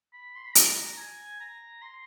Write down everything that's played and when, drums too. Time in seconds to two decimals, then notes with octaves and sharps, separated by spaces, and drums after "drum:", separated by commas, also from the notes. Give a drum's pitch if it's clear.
0.13 B5
0.36 C6
0.45 B5
0.55 A#5, drum: hi-hat
0.97 G#5
1.40 A#5
1.82 C6